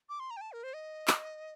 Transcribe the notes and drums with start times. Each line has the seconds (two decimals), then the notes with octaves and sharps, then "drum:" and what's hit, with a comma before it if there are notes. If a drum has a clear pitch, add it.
0.09 D6
0.20 C6
0.31 A#5
0.37 G5
0.41 A5
0.52 A#4
0.64 C5
0.74 D#5
1.08 drum: clap